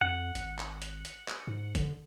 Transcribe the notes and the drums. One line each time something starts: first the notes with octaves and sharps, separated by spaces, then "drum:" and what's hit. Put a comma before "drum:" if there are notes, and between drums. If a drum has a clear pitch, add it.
F2 F#5
G#1, drum: hi-hat
drum: clap
drum: hi-hat
drum: hi-hat
drum: clap
G#2
D3, drum: kick, hi-hat